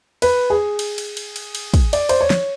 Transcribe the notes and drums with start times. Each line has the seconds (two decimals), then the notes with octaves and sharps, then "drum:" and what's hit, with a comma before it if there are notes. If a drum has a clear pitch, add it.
0.22 B4, drum: cymbal
0.50 G#4
0.79 drum: cymbal
0.98 drum: cymbal
1.17 drum: cymbal
1.36 drum: cymbal
1.55 drum: cymbal
1.74 drum: kick, cymbal
1.93 D5, drum: cymbal
2.09 C5, drum: cymbal
2.21 C#5
2.30 drum: snare